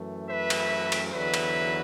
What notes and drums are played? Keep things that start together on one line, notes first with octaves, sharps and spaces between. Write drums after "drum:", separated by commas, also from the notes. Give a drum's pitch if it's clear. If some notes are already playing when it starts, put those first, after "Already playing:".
Already playing: F#2 E3 A3
B4 E5
drum: cymbal
drum: cymbal
E2 D3 F#3 B4 E5
drum: cymbal